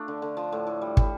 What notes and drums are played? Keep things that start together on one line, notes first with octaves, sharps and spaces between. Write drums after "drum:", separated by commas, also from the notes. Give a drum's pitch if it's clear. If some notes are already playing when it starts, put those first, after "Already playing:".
Already playing: A3 D4 F4
D3
D3
F3
A2
A2
G3
G3, drum: kick